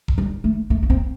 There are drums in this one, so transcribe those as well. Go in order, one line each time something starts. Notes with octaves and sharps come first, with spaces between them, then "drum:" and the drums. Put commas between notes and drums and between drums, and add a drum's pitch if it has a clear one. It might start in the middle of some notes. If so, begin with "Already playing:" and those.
drum: kick E1
G3
A3
A3
A3
C4